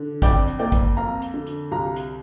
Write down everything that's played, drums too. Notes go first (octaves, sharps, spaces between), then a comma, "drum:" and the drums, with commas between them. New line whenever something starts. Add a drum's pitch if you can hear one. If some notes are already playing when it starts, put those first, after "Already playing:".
Already playing: D3
F2 D5 G5, drum: kick, hi-hat
drum: hi-hat
A#3 D5 G5
drum: kick, hi-hat
F2 F5 A#5
drum: hi-hat
D3
drum: hi-hat
C2 F5 A#5
drum: hi-hat